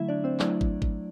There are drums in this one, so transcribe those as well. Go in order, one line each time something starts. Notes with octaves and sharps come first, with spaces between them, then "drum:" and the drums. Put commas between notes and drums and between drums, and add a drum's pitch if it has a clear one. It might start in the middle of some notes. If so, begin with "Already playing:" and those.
Already playing: D3 F#3 A3 E4 E5
D4 D5
C4 C5
F#3 A3 D4 E4 D5, drum: clap
drum: kick
drum: kick